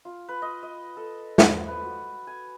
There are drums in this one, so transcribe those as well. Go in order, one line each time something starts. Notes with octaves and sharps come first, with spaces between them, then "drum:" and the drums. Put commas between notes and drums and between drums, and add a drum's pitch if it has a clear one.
F4
B4
D#5
D#5
A4
F3, drum: snare
B4
F#4
G#5